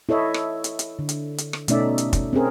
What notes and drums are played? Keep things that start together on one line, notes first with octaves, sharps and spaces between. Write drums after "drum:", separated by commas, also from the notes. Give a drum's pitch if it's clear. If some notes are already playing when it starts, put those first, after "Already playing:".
E4 A4 C#5 D#5 E5
drum: rim click
drum: hi-hat
drum: hi-hat
D3
drum: hi-hat
drum: hi-hat
drum: rim click
B2 A3 C#4 D#4 D5 E5, drum: hi-hat
drum: hi-hat
drum: kick, hi-hat
C4 C#4 G#4 A#4